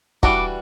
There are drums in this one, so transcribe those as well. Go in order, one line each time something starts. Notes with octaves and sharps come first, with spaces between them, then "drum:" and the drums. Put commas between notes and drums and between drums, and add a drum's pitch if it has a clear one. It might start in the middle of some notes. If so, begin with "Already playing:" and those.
E3 G3 D4 F#4 D6, drum: kick